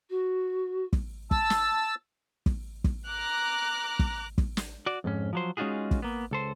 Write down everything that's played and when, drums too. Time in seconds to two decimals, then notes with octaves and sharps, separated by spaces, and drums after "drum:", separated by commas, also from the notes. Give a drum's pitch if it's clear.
0.10 F#4
0.93 drum: kick
1.31 A5 E6, drum: kick
1.50 drum: snare
2.46 drum: kick
2.84 drum: kick
3.07 A#5 D6 F6 F#6
3.99 drum: kick
4.38 drum: kick
4.57 drum: snare
4.86 F#4 D5
5.04 F2 G#2 C#4
5.33 F3 F#3 C5
5.57 G#3 C#4 D#4 F4 F#4 G#4
5.91 drum: kick
6.02 A#3 B3
6.31 C#2 A4 C5